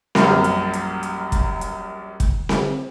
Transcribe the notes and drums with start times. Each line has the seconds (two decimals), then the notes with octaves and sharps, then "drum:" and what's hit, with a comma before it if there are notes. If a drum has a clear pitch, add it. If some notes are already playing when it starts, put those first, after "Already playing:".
0.15 A#1 F#2 G3 A#3, drum: snare C4
0.44 drum: hi-hat
0.73 drum: hi-hat
1.03 drum: hi-hat
1.32 drum: kick, hi-hat
1.61 drum: hi-hat
2.20 drum: kick, hi-hat
2.49 drum: snare C4